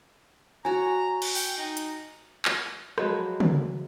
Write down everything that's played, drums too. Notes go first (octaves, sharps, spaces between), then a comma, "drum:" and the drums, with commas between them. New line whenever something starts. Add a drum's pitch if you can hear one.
F#4 C#5 G#5 A#5
drum: cymbal
G5, drum: open hi-hat
D#4
drum: hi-hat
drum: clap
F3 F#3 G#3 B4, drum: rim click
drum: tom